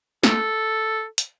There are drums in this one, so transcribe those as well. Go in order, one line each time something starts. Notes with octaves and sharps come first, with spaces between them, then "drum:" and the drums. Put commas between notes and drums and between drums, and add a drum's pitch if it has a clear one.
A4, drum: snare
drum: hi-hat